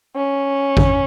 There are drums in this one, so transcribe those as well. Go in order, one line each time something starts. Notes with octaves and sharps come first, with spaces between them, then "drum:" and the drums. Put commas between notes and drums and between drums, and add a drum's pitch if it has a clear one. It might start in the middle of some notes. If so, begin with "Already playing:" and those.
C#4
drum: kick